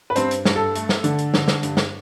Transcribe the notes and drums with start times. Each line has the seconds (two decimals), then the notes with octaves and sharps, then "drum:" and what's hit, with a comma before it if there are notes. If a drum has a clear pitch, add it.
0.10 B4
0.16 G2 C4 C5, drum: hi-hat
0.31 drum: hi-hat
0.45 G2, drum: snare
0.56 A4
0.75 A3, drum: hi-hat
0.89 drum: snare
1.04 D3, drum: hi-hat
1.18 drum: hi-hat
1.34 D3, drum: snare
1.48 drum: snare
1.63 G2, drum: hi-hat
1.77 drum: snare